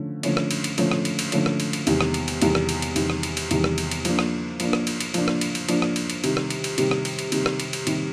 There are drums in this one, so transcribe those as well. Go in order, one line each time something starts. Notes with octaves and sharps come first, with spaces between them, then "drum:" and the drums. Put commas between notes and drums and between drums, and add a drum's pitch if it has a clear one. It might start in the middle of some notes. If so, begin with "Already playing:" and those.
Already playing: D3 F3 A3 C#4
D3 F3 A3 C#4, drum: cymbal
drum: rim click
drum: cymbal
drum: cymbal
D3 F3 A3 C#4, drum: cymbal
drum: rim click
drum: cymbal
drum: cymbal
D3 F3 A3 C#4, drum: cymbal
drum: rim click
drum: cymbal
drum: cymbal
E2 C3 D#3 G3, drum: cymbal
drum: rim click
drum: cymbal
drum: cymbal
E2 C3 D#3 G3, drum: cymbal
drum: rim click
drum: cymbal
drum: cymbal
E2 C3 D#3 G3, drum: cymbal
drum: rim click
drum: cymbal
drum: cymbal
E2 C3 D#3 G3, drum: cymbal
drum: rim click
drum: cymbal
drum: cymbal
F3 A#3 D4, drum: cymbal
drum: rim click
F3 A#3 D4, drum: cymbal
drum: rim click
drum: cymbal
drum: cymbal
F3 A#3 D4, drum: cymbal
drum: rim click
drum: cymbal
drum: cymbal
F3 A#3 D4, drum: cymbal
drum: rim click
drum: cymbal
drum: cymbal
C3 D#3 G3, drum: cymbal
drum: rim click
drum: cymbal
drum: cymbal
C3 D#3 G3, drum: cymbal
drum: rim click
drum: cymbal
drum: cymbal
C3 D#3 G3, drum: cymbal
drum: rim click
drum: cymbal
drum: cymbal
C3 D#3 G3, drum: cymbal